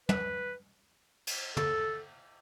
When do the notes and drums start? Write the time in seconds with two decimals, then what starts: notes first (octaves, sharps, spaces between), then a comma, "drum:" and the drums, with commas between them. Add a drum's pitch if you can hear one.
0.09 B4, drum: tom
1.27 drum: cymbal
1.57 A4, drum: tom